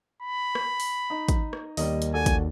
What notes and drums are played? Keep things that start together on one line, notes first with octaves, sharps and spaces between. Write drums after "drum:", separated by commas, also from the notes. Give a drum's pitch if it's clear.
B5
drum: rim click
drum: open hi-hat
D#4
drum: kick, hi-hat
drum: rim click
D#2 G3 A#3 D#5, drum: open hi-hat
drum: hi-hat
F#4 A4 D5 G#5
drum: kick, hi-hat